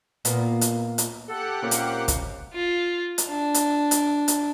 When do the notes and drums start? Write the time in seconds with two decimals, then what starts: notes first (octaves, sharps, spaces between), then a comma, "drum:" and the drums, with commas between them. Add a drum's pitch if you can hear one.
0.25 A#2 A#3 B3, drum: hi-hat
0.61 drum: hi-hat
0.98 drum: hi-hat
1.28 G4 A4 F#5
1.62 A#2 A#3 C4 C#4 F5
1.71 drum: hi-hat
2.08 drum: kick, hi-hat
2.53 F4
3.18 drum: hi-hat
3.29 D4
3.54 drum: hi-hat
3.91 drum: hi-hat
4.28 drum: hi-hat